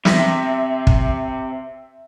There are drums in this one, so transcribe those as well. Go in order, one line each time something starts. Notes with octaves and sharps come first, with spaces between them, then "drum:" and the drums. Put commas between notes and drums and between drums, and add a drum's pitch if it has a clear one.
C3 E5 A#6 B6, drum: snare
drum: kick